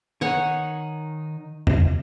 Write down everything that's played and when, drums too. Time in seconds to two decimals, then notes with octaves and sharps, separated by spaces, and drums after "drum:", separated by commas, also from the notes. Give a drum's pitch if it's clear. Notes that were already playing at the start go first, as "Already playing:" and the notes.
0.21 D#3 D#4 C#5 F#5 G#5
1.67 drum: tom E2